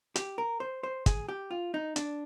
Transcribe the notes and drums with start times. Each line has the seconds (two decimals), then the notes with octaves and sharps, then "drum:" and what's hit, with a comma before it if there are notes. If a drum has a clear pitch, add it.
0.16 G4, drum: hi-hat
0.38 A#4
0.60 C5
0.83 C5
1.06 G#4, drum: kick, hi-hat
1.29 G4
1.51 F4
1.74 D#4
1.96 D4, drum: hi-hat